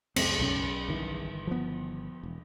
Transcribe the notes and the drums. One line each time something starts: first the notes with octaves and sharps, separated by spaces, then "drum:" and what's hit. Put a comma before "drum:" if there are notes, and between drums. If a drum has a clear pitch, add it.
C#2 F#2 A3 C4, drum: cymbal
B1 C#4
G1 D#3 E3
F3 B3
E1